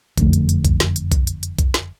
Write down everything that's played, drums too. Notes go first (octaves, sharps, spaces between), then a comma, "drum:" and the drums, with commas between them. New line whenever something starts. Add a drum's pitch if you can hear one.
F#1 F2 D3 A3, drum: kick B1, hi-hat
drum: hi-hat
drum: hi-hat
drum: kick B1, hi-hat
drum: snare
drum: hi-hat
drum: kick B1, hi-hat
drum: hi-hat
drum: hi-hat
drum: kick B1, hi-hat
drum: snare